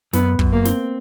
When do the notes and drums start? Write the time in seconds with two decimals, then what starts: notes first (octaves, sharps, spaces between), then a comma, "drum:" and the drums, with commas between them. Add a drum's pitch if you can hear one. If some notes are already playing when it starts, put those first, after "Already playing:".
0.13 F#2 B3, drum: snare
0.39 F#2, drum: kick
0.53 A#3
0.65 C4, drum: snare